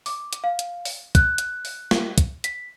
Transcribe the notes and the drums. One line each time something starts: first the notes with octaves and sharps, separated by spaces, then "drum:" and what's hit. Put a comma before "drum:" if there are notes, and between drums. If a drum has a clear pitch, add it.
D6, drum: open hi-hat
drum: hi-hat
F5
drum: hi-hat
drum: open hi-hat
F#6, drum: kick, hi-hat
drum: hi-hat
drum: open hi-hat
drum: snare
drum: kick, hi-hat
B6, drum: hi-hat